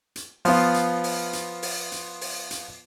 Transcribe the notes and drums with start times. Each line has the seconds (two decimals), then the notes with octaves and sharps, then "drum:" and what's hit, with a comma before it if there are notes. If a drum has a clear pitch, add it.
0.16 drum: hi-hat
0.45 F3 B3 F4, drum: open hi-hat
0.74 drum: hi-hat
1.04 drum: open hi-hat
1.33 drum: hi-hat
1.62 drum: open hi-hat
1.92 drum: hi-hat
2.21 drum: open hi-hat
2.51 drum: hi-hat